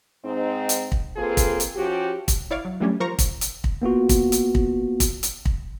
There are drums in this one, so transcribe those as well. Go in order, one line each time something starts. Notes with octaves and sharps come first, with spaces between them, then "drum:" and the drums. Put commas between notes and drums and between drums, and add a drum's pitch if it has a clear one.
G#2 C4 D#4
drum: hi-hat
drum: kick
A#3 C4 F4 G#4 A4 B4
drum: kick, hi-hat
drum: hi-hat
F3 C#4 F#4 G4
drum: kick, hi-hat
E4 C#5 D5 F5
F#3
E3 F#3 G3 A3 C#4 D4
F3 A#4 C5 A#5 C#6
drum: kick, hi-hat
drum: hi-hat
drum: kick
A#3 B3 F4 F#4
drum: kick, hi-hat
drum: hi-hat
drum: kick
drum: kick, hi-hat
drum: hi-hat
drum: kick